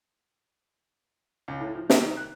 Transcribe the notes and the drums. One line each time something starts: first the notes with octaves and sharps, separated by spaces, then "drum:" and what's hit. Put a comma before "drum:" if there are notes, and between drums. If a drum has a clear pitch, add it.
C#2
A2
F3
C3, drum: snare
D#3
F#6